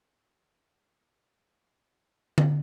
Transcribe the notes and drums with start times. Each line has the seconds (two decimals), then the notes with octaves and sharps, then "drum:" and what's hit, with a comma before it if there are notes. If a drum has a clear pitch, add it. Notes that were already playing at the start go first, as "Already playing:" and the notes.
Already playing: A#3
0.15 E4
0.52 A#3
0.90 E4
1.27 E2
1.65 E2
2.02 A3
2.38 drum: tom D3